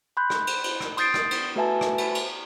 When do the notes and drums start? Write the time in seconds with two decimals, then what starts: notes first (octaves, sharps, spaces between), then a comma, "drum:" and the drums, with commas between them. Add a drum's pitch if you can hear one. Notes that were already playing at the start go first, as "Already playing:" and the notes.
0.17 B5 C6 F#6 G6
0.30 drum: rim click
0.47 drum: cymbal
0.64 drum: cymbal
0.80 drum: rim click
0.97 C6 D#6 G6 A6 C7 D7, drum: cymbal
1.14 drum: rim click
1.31 drum: cymbal
1.56 A3 F#4 B4 E5 G#5 A5
1.81 drum: rim click
1.98 drum: cymbal
2.15 drum: cymbal